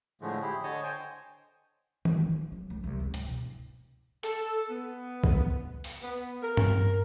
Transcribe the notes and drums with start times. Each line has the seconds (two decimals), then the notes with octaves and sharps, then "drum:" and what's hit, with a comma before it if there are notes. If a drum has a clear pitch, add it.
0.21 A2 D3 F3 G#3 A3
0.42 E4 G4 G#4
0.63 D3 C#5 D#5 A5
0.83 C5 G5 G#5
2.05 D1, drum: tom D#3
2.26 F3
2.52 F#3
2.70 C#2
2.84 C2
3.00 C#2
3.14 G#2, drum: hi-hat
3.29 B2
4.23 A4, drum: hi-hat
4.70 B3
5.24 drum: kick
5.84 drum: open hi-hat
6.02 B3
6.43 A#4
6.57 drum: tom G2